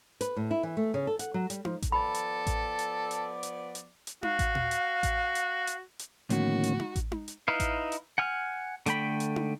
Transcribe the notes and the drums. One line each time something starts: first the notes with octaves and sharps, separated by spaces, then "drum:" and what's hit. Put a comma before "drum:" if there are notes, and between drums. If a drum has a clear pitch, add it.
B4, drum: hi-hat
A2
E4
E3
A3
C#3
A4
F#5, drum: hi-hat
F#3
G3, drum: hi-hat
F3, drum: tom D#4
drum: kick A1, hi-hat
F3 B3 A4 D5 B5
drum: hi-hat
drum: kick A1, hi-hat
drum: hi-hat
drum: hi-hat
drum: hi-hat
drum: hi-hat
drum: hi-hat
F#4 F5, drum: tom D#4
drum: kick A1, hi-hat
drum: tom A#2
drum: hi-hat
drum: kick A1, hi-hat
drum: hi-hat
drum: hi-hat
drum: hi-hat
A2 D3 D#3 F3 A#3 B3 C#4 F#4, drum: hi-hat
drum: hi-hat
drum: tom D#4
drum: kick A1, hi-hat
drum: tom D#4
drum: hi-hat
D#4 E4 B4 F5
drum: kick A1, hi-hat
drum: hi-hat
F#5 G#5 F6
D3 A3 G5 B5, drum: hi-hat
drum: hi-hat
drum: tom D#4